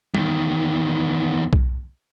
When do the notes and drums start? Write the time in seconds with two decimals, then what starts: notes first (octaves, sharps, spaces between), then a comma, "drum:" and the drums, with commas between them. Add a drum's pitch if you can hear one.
0.14 E2 D#3, drum: tom G3
1.53 drum: kick B1